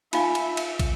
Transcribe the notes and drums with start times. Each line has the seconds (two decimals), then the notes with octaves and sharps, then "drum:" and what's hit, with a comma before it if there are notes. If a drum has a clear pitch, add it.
0.13 D#4 F4 E5 F5 G#5 B5, drum: cymbal
0.35 drum: cymbal
0.57 drum: cymbal
0.79 drum: kick, cymbal